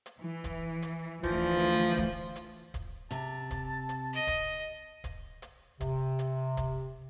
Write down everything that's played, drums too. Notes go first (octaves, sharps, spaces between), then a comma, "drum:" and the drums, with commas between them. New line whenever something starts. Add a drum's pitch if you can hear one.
drum: hi-hat
E3
drum: kick D1, hi-hat
drum: hi-hat
D2 E3 F3, drum: kick D1, hi-hat
drum: hi-hat
drum: kick D1, hi-hat
drum: hi-hat
drum: kick D1, hi-hat
C3 A5, drum: hi-hat
drum: kick D1, hi-hat
drum: hi-hat
D#5
drum: kick D1, hi-hat
drum: kick D1, hi-hat
drum: hi-hat
C3, drum: kick D1, hi-hat
drum: hi-hat
drum: kick D1, hi-hat